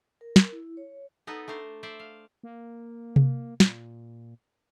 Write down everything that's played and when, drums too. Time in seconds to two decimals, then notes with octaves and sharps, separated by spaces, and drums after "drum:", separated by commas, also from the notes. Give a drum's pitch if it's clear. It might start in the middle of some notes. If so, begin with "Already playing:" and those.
0.21 A#4
0.36 A#4, drum: snare
0.52 E4
0.77 C#5
1.27 B3 D#4 A4 B4
1.48 A3 D4 C5 A#5
1.83 C5 D5 E5
1.99 F5
2.43 A#3
3.16 drum: tom C3
3.60 A#2, drum: snare